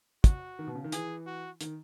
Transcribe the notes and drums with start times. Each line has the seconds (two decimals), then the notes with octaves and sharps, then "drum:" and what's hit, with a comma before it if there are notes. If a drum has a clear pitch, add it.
0.24 F#4, drum: kick, hi-hat
0.59 D#3
0.67 B2
0.75 C#3
0.84 D#3
0.92 E3 G#4, drum: hi-hat
1.27 F#4
1.61 D#3, drum: hi-hat